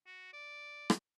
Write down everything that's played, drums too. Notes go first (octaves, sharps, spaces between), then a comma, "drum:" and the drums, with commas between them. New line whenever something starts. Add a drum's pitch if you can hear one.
F#4
D5
drum: rim click